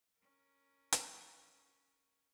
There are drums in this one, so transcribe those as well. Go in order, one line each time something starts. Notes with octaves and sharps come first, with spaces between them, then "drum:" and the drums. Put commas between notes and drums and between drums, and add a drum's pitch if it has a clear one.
C#4 A#4
drum: hi-hat